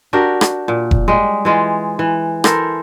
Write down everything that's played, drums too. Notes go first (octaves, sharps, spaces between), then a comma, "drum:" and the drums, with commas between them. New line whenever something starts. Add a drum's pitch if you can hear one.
D4 F#4 G4 A#4
drum: rim click
A#2
drum: kick F1
G3 G#3
E3 G#3 F4
E3
E4 A4 A#4 C5, drum: rim click